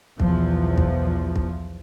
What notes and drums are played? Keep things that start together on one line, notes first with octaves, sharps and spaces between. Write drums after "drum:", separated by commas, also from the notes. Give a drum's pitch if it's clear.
B1 E2 B2 F3, drum: kick
drum: kick
drum: kick